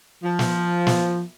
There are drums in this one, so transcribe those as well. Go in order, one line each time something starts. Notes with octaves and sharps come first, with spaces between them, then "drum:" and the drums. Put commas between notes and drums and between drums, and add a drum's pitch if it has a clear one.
F3
drum: snare
drum: snare